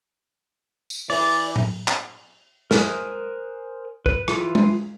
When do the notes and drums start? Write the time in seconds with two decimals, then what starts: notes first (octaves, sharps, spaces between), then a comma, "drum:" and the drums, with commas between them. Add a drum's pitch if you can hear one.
0.90 drum: tambourine
1.10 E3 D5, drum: open hi-hat
1.56 drum: tom A2
1.88 drum: clap
2.71 A#4 C5 G#5 D#6 F#6, drum: snare
4.06 B4, drum: kick
4.28 E3 E4 F4, drum: rim click
4.55 drum: tom G#3